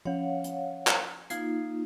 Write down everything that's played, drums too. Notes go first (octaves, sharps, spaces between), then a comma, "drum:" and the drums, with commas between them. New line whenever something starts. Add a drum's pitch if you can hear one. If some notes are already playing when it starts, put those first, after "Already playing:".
F3 C#4 C#5 F5 F#5
drum: hi-hat
drum: clap
A#3 D#4 F4 F5 G#6 C7, drum: hi-hat